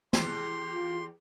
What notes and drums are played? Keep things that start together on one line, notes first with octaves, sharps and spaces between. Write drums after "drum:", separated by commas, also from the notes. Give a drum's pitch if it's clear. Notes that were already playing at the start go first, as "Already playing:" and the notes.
E2 G4 C6, drum: snare
F4